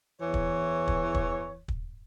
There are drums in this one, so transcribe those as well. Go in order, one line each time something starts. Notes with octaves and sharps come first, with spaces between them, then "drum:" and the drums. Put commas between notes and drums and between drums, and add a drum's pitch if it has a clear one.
E2 E3 C#5
drum: kick
drum: kick
drum: kick
drum: kick